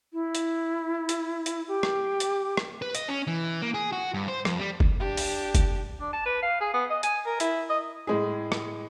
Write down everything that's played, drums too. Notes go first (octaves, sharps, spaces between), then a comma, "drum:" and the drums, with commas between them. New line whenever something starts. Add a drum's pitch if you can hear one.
E4
drum: hi-hat
drum: hi-hat
drum: hi-hat
G4
drum: rim click
drum: hi-hat
drum: rim click
B4
D#5, drum: hi-hat
C#4
E3
A#3
G#4
F#4
G2
C5
F2, drum: rim click
G3
drum: kick G1
D4 G4
drum: open hi-hat
drum: kick G1, hi-hat
D4
A5
B4
F5
G#4
B3
D#5
G#5, drum: hi-hat
A#4
E4, drum: hi-hat
D#5
A2 G#3 G#4
drum: rim click